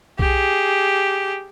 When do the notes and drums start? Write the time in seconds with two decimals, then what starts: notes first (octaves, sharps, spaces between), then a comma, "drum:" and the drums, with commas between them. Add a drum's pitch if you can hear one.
0.19 G4 G#4, drum: kick B1